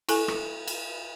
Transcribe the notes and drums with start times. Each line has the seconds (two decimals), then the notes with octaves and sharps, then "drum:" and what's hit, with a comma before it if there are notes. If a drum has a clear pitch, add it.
0.09 E4 A4 G#5, drum: cymbal
0.28 drum: rim click
0.67 drum: cymbal